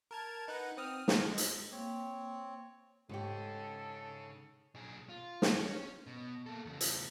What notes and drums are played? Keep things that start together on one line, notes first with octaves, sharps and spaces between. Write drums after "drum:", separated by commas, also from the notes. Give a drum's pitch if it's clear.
A#4 A5 G#6
D#4 B4 F#5
C4 D#6 F6
A#4, drum: snare
G#3
drum: hi-hat
A#3 C4 C#5
G#2 C#3 G4 A4 C#5
B1 G#4
F4
drum: snare
C#4
B2
A#3 A4
E2 C#3
drum: hi-hat